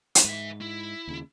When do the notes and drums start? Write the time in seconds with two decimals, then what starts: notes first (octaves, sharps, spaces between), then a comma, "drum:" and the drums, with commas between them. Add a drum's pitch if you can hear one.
0.15 drum: hi-hat
0.24 G#2 B4 E5
0.61 E4
1.08 D#2 C#3